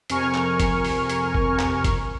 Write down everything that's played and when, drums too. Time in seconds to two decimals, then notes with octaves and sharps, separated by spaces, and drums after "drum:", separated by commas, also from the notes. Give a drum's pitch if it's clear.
0.10 F2 C3 A#4 G#5 C#6 F6, drum: hi-hat
0.35 drum: clap
0.60 drum: kick F#1, hi-hat
0.85 drum: open hi-hat
1.10 drum: hi-hat
1.35 drum: kick F#1
1.59 drum: clap
1.84 drum: kick F#1, hi-hat